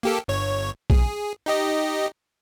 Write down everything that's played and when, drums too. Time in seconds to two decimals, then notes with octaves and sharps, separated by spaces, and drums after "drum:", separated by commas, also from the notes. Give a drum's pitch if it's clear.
0.03 A#3 G4 A4
0.28 G1 C#5
0.90 G#4, drum: kick A#1
1.46 D#4 G4 D#5